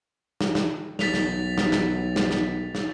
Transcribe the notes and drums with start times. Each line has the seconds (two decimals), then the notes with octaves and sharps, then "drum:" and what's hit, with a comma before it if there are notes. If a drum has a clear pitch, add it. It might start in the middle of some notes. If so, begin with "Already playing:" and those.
0.41 drum: snare
0.55 drum: snare
0.99 B1 A6 B6 F7, drum: snare
1.14 drum: snare
1.58 drum: snare
1.72 drum: snare
2.16 drum: snare
2.31 drum: snare
2.75 drum: snare